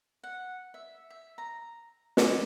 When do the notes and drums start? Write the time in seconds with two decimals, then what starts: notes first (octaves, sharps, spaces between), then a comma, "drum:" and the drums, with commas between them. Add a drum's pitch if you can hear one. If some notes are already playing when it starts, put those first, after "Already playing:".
0.24 F#5
0.74 E5
1.10 E5
1.38 A#5
2.17 D6, drum: snare